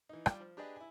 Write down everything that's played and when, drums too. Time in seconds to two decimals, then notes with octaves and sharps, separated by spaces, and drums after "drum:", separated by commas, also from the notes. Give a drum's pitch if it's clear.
0.09 E3 D#4
0.26 G3 F4 D5, drum: rim click
0.40 F3
0.57 D4 G4 G#4 B4 D5 D#5
0.76 E4 G#5